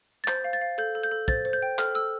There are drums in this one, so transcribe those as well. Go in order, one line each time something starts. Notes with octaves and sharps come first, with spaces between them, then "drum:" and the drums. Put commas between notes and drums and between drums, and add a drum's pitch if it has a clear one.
A6
C5 G6, drum: clap
F5
A6
F5
A4 G6
A4
G6
A4
C5 A6, drum: kick
C5
G6
G5
A4 F6, drum: clap
A4 E6